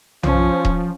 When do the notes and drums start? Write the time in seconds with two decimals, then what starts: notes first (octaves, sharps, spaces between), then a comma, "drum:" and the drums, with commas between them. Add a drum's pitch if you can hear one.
0.23 F3 C#4, drum: tom B1
0.65 drum: kick D#1